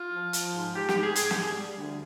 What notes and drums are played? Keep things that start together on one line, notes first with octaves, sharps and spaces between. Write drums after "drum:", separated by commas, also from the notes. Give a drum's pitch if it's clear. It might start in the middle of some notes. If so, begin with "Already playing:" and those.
Already playing: F4
F3
F3, drum: hi-hat
G#2
G#2 G4
G4, drum: snare
G#2
G#4
G#2 G#4, drum: hi-hat
G4, drum: snare
G3 G#4
G3
D2